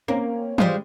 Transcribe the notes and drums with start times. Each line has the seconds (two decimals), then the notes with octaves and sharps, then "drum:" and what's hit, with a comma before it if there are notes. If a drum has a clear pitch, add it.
0.08 A#3 C4 C#4
0.58 G3 G#3 F4 C5, drum: tom